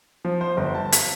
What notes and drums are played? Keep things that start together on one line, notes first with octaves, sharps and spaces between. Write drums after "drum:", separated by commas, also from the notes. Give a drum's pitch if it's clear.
F3
C5
G1
A5
B6, drum: hi-hat